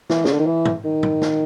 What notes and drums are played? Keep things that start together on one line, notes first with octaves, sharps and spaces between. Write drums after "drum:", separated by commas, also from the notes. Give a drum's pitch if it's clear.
E3, drum: snare
C#3, drum: snare
D3
D#3
E3
drum: tom
D#3
drum: tom
drum: snare